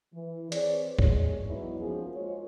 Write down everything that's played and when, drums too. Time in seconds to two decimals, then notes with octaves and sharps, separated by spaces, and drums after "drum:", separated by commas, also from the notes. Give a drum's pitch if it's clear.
0.13 E3
0.52 C4 G#4 B4 C#5 D5, drum: hi-hat
0.99 D#2 G#3 G#4 C#5, drum: kick
1.46 E3 F#3 G#3 B3 D#4 E4
1.80 F3 A#3 C#4 D#4 F#4 G#4
2.15 G#3 A#3 F4 C5 C#5